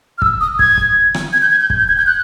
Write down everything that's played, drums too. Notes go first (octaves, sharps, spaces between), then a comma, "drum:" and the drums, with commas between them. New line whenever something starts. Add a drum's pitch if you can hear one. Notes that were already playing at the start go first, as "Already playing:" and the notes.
F6
E6, drum: kick
D#6
G#6, drum: kick
drum: kick
drum: rim click
G#6
G6
G#6
G6
drum: kick
G6
G#6
G6
F#6